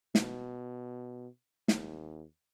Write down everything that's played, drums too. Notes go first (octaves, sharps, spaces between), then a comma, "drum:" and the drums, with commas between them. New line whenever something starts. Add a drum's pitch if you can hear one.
B2, drum: snare
D#2, drum: snare